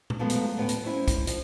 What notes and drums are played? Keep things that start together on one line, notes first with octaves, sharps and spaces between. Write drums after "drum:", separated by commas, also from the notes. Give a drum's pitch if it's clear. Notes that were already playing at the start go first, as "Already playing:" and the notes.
drum: tom A#2
F3 F#3 G#3 A3 B3
drum: hi-hat
D2 A2 B3 B4 G5
drum: hi-hat
G#3 C4 C#4 E4
drum: kick, hi-hat
F3, drum: hi-hat